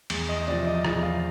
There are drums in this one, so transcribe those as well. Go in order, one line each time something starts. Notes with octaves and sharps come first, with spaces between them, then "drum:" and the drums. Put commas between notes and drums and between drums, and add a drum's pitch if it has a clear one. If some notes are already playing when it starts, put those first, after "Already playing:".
E2, drum: cymbal
D#5
C3 F3 D5
D#5
E2 D#5, drum: rim click
F5